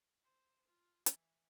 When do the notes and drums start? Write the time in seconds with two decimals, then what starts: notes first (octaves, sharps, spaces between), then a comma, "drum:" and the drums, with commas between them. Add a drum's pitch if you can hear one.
0.24 C5
0.68 F4
1.06 E3, drum: hi-hat